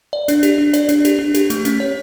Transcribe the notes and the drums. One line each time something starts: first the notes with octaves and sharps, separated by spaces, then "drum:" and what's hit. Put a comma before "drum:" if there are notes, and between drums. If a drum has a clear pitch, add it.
D5
D4, drum: hi-hat
G4, drum: hi-hat
D4
D5, drum: hi-hat
D4, drum: hi-hat
G4, drum: hi-hat
D4
G4, drum: hi-hat
A3, drum: hi-hat
C#4, drum: hi-hat
C#5